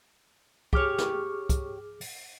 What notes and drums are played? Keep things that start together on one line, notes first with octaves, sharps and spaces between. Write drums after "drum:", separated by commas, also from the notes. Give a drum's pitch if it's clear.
G4 G#4 C#5 D6 F6, drum: kick
drum: snare
drum: kick, hi-hat
drum: open hi-hat